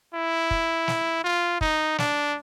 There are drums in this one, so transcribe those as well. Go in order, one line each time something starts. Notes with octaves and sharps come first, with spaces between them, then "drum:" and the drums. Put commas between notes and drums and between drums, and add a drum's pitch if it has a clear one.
E4
drum: kick
drum: snare
F4
D#4, drum: kick
D4, drum: snare